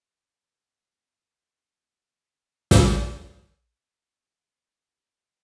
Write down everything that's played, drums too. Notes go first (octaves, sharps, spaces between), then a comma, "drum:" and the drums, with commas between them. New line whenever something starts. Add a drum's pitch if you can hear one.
B2 G3 C4
G2 F#3 B3
C3 F#3 B3
E2 B2 A3 C4
drum: snare
F#2 D#3 F#3 C4
B2 F#3 B3
C3 E3 G3 B3